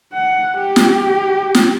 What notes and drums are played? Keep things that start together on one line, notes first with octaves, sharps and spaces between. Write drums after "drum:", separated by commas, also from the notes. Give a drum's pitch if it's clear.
F#5
G4
drum: snare
drum: snare